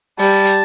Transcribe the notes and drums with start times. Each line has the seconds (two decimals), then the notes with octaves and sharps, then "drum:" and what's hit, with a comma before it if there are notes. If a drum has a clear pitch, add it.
0.19 G3 A5, drum: open hi-hat
0.45 drum: hi-hat